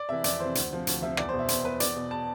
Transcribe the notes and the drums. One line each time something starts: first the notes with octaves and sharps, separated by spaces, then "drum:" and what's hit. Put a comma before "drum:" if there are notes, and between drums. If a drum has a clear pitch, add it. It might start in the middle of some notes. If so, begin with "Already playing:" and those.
Already playing: D5
C3 E3 E5
F2 D5, drum: hi-hat
C3 E3 C5
D2, drum: hi-hat
C3 F3
D2, drum: hi-hat
C3 F3 E5
E2 D5, drum: rim click
C5
B2
E5
E2 C5, drum: hi-hat
B2 B4
E2 D5, drum: hi-hat
B2
A5